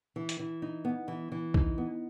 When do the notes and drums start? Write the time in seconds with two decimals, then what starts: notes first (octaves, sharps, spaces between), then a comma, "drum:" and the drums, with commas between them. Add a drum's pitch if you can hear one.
0.16 E3
0.29 drum: hi-hat
0.40 E3
0.62 D#4
0.85 B3
1.08 E3
1.32 E3
1.54 D#4, drum: kick B1
1.78 B3